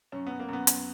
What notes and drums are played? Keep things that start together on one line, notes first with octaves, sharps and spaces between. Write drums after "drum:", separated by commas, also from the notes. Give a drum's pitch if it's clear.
F#2 C#4
F#2 B3
A#3
F#2 B3
F#2, drum: hi-hat